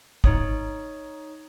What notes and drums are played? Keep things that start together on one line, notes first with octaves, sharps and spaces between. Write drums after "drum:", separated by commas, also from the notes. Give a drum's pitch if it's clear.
D#4 C#5 D#6, drum: kick